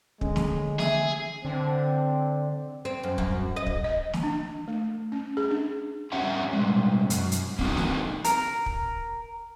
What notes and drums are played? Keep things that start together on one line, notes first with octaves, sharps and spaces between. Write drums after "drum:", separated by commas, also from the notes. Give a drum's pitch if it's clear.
D3 G#3 C#4, drum: kick
drum: snare
G#4 E5, drum: snare
D3 C4
C4
F#2
F#2, drum: kick
D#5
drum: kick
D#5
drum: snare
D4
A3
C#4
G#4
D4
C#4 G4 C#5 E5 F#5 A#5
B2 G3 G#3
F#2, drum: hi-hat
drum: hi-hat
A#3 C4 D4 D#4 F#4 A4, drum: kick
drum: snare
A#4, drum: hi-hat
drum: kick